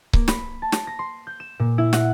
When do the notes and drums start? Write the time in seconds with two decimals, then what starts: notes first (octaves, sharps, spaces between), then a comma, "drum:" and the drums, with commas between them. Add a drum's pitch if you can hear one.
0.13 A#3, drum: kick C#1
0.28 B5, drum: snare
0.62 A5
0.72 drum: snare
0.87 A#6
0.99 C6
1.27 G6
1.40 E7
1.59 A#2
1.78 E4
1.93 F#5, drum: snare